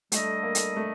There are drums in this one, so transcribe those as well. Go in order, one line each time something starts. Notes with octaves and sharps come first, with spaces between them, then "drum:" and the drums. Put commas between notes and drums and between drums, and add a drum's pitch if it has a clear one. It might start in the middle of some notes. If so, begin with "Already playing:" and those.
G3 A3 D4 A4 D#5, drum: hi-hat
A#3
drum: hi-hat
A3